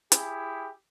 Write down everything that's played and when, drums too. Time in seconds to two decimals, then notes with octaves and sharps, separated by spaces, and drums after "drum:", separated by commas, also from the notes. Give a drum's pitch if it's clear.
0.12 E4 G4 G#4, drum: hi-hat